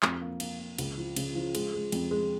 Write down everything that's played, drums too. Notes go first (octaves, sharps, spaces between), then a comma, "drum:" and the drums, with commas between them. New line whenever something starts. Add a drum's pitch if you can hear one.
F2, drum: clap
A#3
A#3, drum: cymbal
A#3
C#2, drum: cymbal
F3
C#3, drum: cymbal
F3
G#3, drum: cymbal
G#3
F2, drum: cymbal
G#3